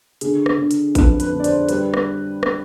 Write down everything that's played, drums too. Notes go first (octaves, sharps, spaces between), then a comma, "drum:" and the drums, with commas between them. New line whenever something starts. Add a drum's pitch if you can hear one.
D3 G#4, drum: hi-hat
drum: rim click
D3
drum: hi-hat
F2 B4, drum: kick A1, hi-hat
B4, drum: hi-hat
D3
D5
C5, drum: hi-hat
G3 B4, drum: hi-hat
drum: rim click
drum: rim click